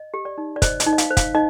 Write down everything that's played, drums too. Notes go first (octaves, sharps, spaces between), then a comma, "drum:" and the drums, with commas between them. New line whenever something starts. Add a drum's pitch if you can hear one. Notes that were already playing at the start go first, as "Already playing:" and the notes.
Already playing: D#5
G4
D5
D#4
D5
C5 D#5, drum: kick, hi-hat
D#5, drum: hi-hat
D#4
D#5
F5, drum: hi-hat
C5
F5, drum: kick, hi-hat
D#4 D#5